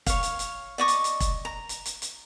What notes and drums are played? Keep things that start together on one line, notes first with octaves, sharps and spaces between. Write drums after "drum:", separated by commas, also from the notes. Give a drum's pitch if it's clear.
C#5 F5, drum: kick E1, hi-hat
drum: hi-hat
drum: hi-hat
D5 D#5 C#6 D6
drum: hi-hat
drum: hi-hat
drum: kick E1, hi-hat
A#5
drum: hi-hat
drum: hi-hat
drum: hi-hat